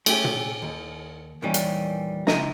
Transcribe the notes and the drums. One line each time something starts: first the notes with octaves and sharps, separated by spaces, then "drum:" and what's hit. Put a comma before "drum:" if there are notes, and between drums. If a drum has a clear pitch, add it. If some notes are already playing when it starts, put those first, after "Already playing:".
A3 B3 C#4 G4 G#4, drum: cymbal
drum: tom
D#2
E2 A#2 D#3 E3 G3 C#4
drum: hi-hat
C#2 E4 D#5 A#5, drum: snare